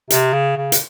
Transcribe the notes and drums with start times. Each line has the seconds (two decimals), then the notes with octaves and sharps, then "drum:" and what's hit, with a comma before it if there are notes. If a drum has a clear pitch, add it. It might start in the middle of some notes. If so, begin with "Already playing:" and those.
0.10 C3, drum: hi-hat
0.33 C#3
0.57 C#3
0.72 drum: hi-hat